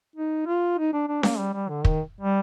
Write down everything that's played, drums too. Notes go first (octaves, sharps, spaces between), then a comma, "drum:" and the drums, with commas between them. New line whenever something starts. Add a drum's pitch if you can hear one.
D#4
F4
D#4
D4
D4
A#3, drum: snare C#4
G3
G3
D3
D#3, drum: kick
G3